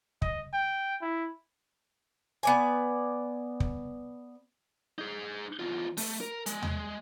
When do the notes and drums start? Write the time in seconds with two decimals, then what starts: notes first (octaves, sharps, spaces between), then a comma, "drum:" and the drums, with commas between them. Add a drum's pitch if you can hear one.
0.22 D#5, drum: kick
0.53 G5
1.02 E4
2.43 B3 D5 G#5
3.60 drum: kick
4.98 D#4 G#4
5.59 E2 F4
5.97 A3, drum: open hi-hat
6.21 A#4
6.46 G#3, drum: hi-hat
6.63 G#3, drum: tom D#2